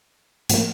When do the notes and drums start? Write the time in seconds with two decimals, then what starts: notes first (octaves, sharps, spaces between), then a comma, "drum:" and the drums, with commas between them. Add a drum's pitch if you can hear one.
0.50 A2 F3 A#3, drum: hi-hat